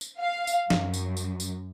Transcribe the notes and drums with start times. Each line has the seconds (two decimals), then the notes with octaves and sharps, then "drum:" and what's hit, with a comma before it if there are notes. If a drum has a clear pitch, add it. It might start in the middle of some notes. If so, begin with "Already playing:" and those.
0.01 drum: tambourine
0.20 F5
0.47 drum: tambourine
0.70 F#2, drum: snare
0.94 drum: tambourine
1.17 drum: tambourine
1.40 drum: tambourine